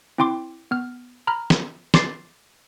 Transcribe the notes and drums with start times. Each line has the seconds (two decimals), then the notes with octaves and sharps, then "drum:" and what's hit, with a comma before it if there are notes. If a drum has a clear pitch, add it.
0.18 C4 E4 G5 C6 D6
0.71 B3 F6
1.27 A#5 B5 F6
1.50 drum: snare
1.94 C6 D6 A6 C7, drum: snare